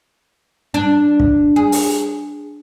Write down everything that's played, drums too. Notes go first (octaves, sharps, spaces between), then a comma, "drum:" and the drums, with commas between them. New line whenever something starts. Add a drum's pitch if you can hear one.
D4
drum: kick
G#4
drum: open hi-hat